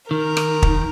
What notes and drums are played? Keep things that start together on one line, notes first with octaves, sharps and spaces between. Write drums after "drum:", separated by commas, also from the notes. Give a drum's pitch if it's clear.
D#3 A#4
drum: rim click
drum: kick